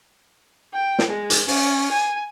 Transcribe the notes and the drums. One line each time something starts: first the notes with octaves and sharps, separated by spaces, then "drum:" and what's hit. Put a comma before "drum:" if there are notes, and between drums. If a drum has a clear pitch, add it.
G5
drum: snare
G#3
drum: hi-hat
C#4, drum: open hi-hat
G#5